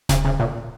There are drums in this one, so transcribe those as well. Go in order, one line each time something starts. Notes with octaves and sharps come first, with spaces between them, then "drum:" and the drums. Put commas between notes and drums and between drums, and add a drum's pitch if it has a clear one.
C#3, drum: snare D#1
C#3
A#2